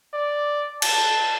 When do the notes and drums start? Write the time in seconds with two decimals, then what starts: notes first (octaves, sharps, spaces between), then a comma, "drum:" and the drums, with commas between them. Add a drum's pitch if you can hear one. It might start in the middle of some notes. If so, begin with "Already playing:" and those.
0.14 D5
0.82 A5, drum: cymbal